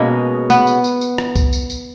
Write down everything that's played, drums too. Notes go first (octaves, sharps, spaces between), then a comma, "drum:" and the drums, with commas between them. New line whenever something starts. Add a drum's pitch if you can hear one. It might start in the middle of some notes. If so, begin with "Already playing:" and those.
Already playing: B2 G#3 A#3 C#4 G#4 D#5
B3, drum: tambourine
drum: tambourine
drum: tambourine
drum: tambourine
drum: rim click
drum: kick, tambourine
drum: tambourine
drum: tambourine